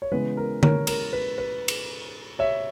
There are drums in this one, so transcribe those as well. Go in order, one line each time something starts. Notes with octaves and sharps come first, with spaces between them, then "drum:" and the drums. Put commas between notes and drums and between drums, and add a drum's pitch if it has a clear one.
C#5
C#3 E3 G#3 B3 B4
A#4
A#4 C#5, drum: tom D3
A#4, drum: cymbal
B4
B4
drum: cymbal
C#5 E5